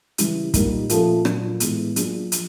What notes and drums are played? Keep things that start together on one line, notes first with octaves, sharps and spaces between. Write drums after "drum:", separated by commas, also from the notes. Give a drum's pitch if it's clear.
C#3 E3 G3, drum: hi-hat
A#2 G3 A#3 D#4, drum: kick, hi-hat
A#2 F3 A3 C#4, drum: hi-hat
A#2 F#3 A#3 D4 F4, drum: rim click
A2 E3 G#3 B3, drum: hi-hat
F#3 A#3 D4 F4 G#4, drum: hi-hat
F3, drum: hi-hat